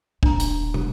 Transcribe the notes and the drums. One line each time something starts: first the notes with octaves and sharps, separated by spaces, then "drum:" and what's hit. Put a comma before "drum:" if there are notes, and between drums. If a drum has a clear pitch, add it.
D#1 D4 A#5, drum: kick
drum: hi-hat
drum: tom